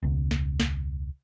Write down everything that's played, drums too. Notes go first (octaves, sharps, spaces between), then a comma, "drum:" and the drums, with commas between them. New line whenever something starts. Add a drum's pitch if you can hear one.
E1 C#2
drum: snare
drum: snare